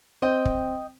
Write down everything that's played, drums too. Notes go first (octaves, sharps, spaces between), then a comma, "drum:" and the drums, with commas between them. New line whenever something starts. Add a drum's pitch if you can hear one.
C4 D#5 G5
drum: kick